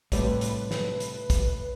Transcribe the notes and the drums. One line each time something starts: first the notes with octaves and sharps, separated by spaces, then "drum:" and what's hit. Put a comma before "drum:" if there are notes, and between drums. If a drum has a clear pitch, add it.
C2 A2 C3 G3 B4, drum: kick, hi-hat
drum: hi-hat
drum: snare
drum: hi-hat
drum: kick, hi-hat